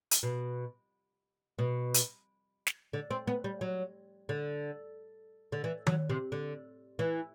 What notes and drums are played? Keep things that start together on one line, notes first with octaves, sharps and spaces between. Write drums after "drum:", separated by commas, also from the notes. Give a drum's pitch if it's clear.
drum: hi-hat
B2
B2
drum: hi-hat
drum: snare
D3
C4
B3
G3
F#3
D3
D3
E3
F#3, drum: tom D#3
C3
D3
E3